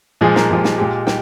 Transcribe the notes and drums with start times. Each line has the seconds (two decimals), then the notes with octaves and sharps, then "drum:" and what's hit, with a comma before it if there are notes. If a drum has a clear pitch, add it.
0.21 A#2 F3 G#3 G#4
0.36 A#4, drum: snare
0.50 A#2 F3 G#3 G4
0.64 drum: snare
0.78 A#2 G#3 G4
1.07 G5, drum: snare